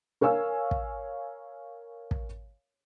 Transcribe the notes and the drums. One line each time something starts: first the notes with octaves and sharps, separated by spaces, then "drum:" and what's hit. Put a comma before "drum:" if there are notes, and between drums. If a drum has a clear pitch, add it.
A#4 C#5 F5 G#5 E6
drum: kick
drum: kick